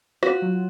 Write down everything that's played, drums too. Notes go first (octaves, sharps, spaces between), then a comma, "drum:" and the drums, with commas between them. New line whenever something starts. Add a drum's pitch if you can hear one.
F4 F#4, drum: rim click
F#3